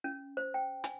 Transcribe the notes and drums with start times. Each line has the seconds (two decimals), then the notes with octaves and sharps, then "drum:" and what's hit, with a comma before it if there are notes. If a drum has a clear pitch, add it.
0.04 C#4
0.37 C5
0.54 G5
0.84 G#5, drum: hi-hat